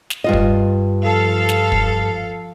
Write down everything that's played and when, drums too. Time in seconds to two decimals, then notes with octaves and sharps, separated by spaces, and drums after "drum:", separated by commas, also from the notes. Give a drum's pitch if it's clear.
0.10 drum: snare
0.24 G2 F4 D#5
0.33 drum: kick
1.03 F3 A4 F5
1.49 drum: snare
1.72 drum: kick